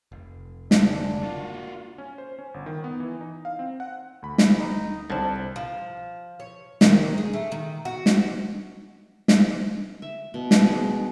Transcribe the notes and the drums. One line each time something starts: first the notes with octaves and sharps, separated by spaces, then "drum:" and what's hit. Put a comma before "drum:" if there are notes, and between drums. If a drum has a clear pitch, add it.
F1
D2 C#3 D4, drum: snare
A#3 F4 F#4
C#4
C5
C#4
G1
D#3
B3
E3
D#4
F5
C4
F#5
D2 B5
drum: snare
D#4
C2 D3 C4 A5
F3
C#5
D#3, drum: snare
G#4
A3
D#3
F#4
drum: snare
drum: snare
E5
B2
drum: snare
G#4